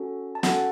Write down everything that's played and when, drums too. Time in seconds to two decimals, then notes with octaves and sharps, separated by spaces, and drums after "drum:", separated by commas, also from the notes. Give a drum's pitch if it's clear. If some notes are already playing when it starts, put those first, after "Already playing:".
Already playing: C#4 F#4 A4
0.35 A5
0.43 C#4 F#4 A4 F#5, drum: snare